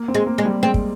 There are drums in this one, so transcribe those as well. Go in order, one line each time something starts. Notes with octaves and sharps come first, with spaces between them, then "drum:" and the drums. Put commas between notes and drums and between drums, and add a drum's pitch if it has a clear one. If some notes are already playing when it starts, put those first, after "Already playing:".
Already playing: A#3
C4
G#3
A#3
G#3
G3
G#3 C4
drum: kick